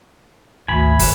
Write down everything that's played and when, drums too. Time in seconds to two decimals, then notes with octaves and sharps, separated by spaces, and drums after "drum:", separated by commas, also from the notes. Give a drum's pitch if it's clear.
0.68 G#1 D2 G#5 B5
0.99 drum: kick, open hi-hat